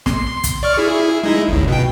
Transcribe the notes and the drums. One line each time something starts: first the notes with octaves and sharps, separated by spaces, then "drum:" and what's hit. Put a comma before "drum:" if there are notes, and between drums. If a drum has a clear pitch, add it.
C6, drum: snare
drum: kick, hi-hat
D5 C#6 F6
E4 G#4
G#3 D#4 E4
G1 C#2
B2 G5